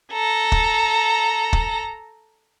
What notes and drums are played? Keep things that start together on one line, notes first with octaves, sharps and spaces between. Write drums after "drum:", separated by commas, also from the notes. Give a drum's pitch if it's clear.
A4 A#5
drum: kick
drum: kick